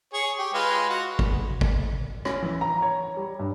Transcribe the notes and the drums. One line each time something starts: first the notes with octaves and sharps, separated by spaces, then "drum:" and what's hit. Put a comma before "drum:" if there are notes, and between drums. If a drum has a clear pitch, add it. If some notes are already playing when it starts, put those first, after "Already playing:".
G#4 C#5
G4
G#3 F4 B4
F#4
drum: kick
drum: kick
C#4, drum: rim click
E3
A#5
C#5
G3
G2